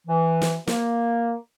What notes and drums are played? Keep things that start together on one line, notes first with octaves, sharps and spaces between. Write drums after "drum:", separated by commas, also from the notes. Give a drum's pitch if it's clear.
E3
drum: snare
A#3, drum: snare